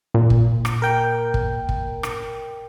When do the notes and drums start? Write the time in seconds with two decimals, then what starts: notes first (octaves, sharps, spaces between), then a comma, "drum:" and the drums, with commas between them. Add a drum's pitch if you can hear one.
0.14 A#2
0.30 drum: kick
0.65 drum: rim click
0.82 A#4 G5
1.34 drum: kick
1.69 drum: kick
2.03 drum: rim click